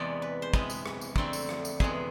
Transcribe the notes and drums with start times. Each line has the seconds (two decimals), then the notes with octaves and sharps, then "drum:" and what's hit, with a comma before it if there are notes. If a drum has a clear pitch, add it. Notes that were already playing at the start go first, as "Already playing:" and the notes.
Already playing: E2 C3 G#3 B3 D5
0.22 B4
0.42 C5
0.54 C3 G#3 B3 B4, drum: kick
0.70 drum: tambourine
0.86 drum: rim click
1.01 drum: tambourine
1.16 F2 D3 A3 C4, drum: kick
1.33 drum: tambourine
1.49 drum: rim click
1.65 drum: tambourine
1.80 E2 C3 G#3 B3 G#4, drum: kick